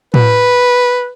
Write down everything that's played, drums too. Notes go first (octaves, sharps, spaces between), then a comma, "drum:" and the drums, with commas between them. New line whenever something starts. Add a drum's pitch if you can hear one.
B4, drum: tom A2